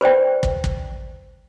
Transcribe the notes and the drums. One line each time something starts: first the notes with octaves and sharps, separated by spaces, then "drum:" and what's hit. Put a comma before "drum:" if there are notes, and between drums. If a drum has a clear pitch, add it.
B4 C5 D5 G5
drum: kick
drum: kick